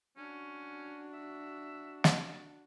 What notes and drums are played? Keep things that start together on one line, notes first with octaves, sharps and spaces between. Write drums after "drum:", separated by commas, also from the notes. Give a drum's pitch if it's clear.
C#4 D4 F#4
E5
drum: snare